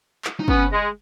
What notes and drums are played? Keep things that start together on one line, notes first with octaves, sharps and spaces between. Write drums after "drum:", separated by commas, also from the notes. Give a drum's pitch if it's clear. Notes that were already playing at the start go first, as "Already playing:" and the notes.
drum: clap
D#4
B3 C#4, drum: kick
G#3